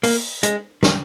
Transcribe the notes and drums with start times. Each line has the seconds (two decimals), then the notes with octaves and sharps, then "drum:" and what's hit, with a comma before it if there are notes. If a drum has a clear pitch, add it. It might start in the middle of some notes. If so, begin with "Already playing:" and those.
0.03 A#3, drum: open hi-hat
0.43 G#3, drum: hi-hat
0.83 D#3, drum: snare